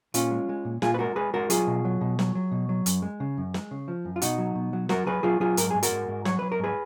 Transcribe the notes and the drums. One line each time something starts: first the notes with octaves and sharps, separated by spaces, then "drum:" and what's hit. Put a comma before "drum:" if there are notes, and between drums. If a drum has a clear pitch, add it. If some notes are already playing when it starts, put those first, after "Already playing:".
A#2 C#4 F4, drum: hi-hat
G#3
G#3
A#2
A#2 F4 G#4, drum: snare
B4
G#3 F#4 A#4
G#3 G#4 B4
G#3 F#4 A#4
F#3 F4 G#4, drum: hi-hat
B2
F#3
B2
F#3, drum: snare
F#3
B2
F#3
F#2, drum: hi-hat
G#3
C#3
F#2
G#3, drum: snare
C#3
F3
F#2
F4
B2 D#4 F#4, drum: hi-hat
F#3
B2
F#3
F#3 F#4 A#4, drum: snare
F#3 G#4 B4
F#3 F4 G#4
F#3 F4 G#4
G#2 A#4, drum: hi-hat
G#2 G#4
F#4 A#4, drum: hi-hat
G#2
G#2
F#3 C#5, drum: snare
F#3 B4
A#4
G#2 G#4 B4